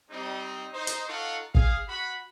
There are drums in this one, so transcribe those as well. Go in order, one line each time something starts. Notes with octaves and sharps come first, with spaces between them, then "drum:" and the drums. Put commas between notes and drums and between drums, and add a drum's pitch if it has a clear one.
G3 C4 D#4
D#4 C5
drum: hi-hat
D#4 F4 A4 F5 F#5 C#6
G#4 F5, drum: kick
F#4 B5